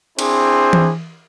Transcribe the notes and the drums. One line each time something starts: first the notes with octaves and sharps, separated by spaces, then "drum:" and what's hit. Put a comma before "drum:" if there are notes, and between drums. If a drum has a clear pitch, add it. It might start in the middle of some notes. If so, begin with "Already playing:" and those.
C4 D4 E4 G#4 C5, drum: cymbal
drum: tom E3